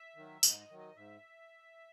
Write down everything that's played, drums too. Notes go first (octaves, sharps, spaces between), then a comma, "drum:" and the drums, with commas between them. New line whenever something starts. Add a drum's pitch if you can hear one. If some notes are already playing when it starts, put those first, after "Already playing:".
Already playing: E5
D#3 F#3
G#2 D#5, drum: tambourine
D#5
D#3 F#3
D#5
G#2 E5